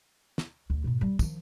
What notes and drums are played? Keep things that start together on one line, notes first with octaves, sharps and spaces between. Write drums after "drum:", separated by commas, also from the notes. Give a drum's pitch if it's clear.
drum: snare
D2
G#2 B2
G3
D#3 F3, drum: kick, tambourine